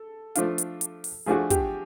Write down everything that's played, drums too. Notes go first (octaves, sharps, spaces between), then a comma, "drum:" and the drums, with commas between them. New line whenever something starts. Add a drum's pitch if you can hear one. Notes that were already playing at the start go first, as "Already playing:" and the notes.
Already playing: A4
F3 A3 D4 F4, drum: hi-hat
drum: hi-hat
drum: hi-hat
drum: open hi-hat
F3 A3 D4 F#4 G#4
G4, drum: kick, hi-hat